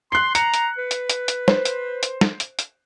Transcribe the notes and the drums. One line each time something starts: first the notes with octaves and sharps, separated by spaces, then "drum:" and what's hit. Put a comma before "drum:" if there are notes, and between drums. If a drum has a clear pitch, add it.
C6 F#6 C7
A#5 C#7, drum: hi-hat
drum: hi-hat
B4
drum: hi-hat
drum: hi-hat
drum: hi-hat
C5, drum: snare
drum: hi-hat
drum: hi-hat
drum: snare
drum: hi-hat
drum: hi-hat